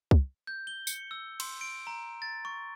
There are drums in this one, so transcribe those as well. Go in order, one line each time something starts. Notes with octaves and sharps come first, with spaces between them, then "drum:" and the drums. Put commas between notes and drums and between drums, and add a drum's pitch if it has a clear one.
drum: kick C2
G6
G7
C#7, drum: tambourine
E6
C6, drum: cymbal
D7
A#5
A6
C#6